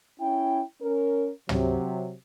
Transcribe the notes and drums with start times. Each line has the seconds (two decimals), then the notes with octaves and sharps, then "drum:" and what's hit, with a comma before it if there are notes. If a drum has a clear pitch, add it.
0.20 C#4 E4 G5
0.82 C#4 A#4
1.49 C3 F#3, drum: tom